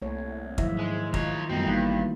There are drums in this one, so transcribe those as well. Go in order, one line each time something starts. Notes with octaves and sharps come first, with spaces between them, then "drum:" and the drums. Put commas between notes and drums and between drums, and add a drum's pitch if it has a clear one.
C2 A3 A#3 C#5
G#2 D#3 F3 F#3 E4 E5 A#6, drum: kick
G#3
D#3 D#4 F4 C#5 D#5, drum: kick
F#2 E3 G3 A3 B3 C4 D#4 F#4
G#1 G2 A#3 D#4